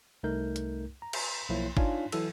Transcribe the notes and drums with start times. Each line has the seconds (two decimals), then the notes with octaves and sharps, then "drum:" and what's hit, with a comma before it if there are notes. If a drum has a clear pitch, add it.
0.23 C2 A3 D#4 A#4 G6
0.56 drum: hi-hat
1.02 A#5
1.13 drum: cymbal
1.49 B1 F3 A#3 E4 C#5
1.77 D4 D#4 F4 C#5 F5 G#5, drum: kick
2.12 E3 F#3 E4 A4 E6, drum: cymbal